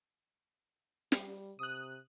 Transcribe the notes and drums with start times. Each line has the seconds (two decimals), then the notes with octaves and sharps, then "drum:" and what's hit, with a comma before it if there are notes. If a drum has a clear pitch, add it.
1.12 G3, drum: snare
1.59 C3 D#6 F#6